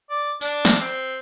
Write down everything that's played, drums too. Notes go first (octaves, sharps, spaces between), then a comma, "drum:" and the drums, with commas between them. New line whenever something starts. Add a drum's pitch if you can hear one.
D5
D4, drum: tambourine
drum: snare
C4